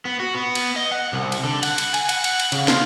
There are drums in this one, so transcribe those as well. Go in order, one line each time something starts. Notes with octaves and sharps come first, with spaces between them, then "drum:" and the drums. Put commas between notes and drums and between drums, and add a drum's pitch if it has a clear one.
B3
F#4
B3
drum: cymbal
D#5
F#5
C2
drum: cymbal
D3
F#5, drum: cymbal
drum: cymbal
G#5, drum: cymbal
F#5, drum: cymbal
drum: cymbal
drum: cymbal
C#3, drum: cymbal
F4, drum: snare